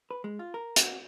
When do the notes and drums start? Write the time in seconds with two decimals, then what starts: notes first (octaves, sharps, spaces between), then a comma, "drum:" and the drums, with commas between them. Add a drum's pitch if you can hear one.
0.11 B4
0.24 G#3
0.39 F4
0.54 A#4
0.76 F#4, drum: hi-hat